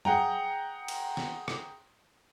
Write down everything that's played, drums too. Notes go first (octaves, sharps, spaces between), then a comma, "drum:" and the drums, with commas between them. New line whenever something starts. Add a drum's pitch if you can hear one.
G#4 F#5 G5 A#5, drum: tom F#3
drum: cymbal
drum: snare
drum: rim click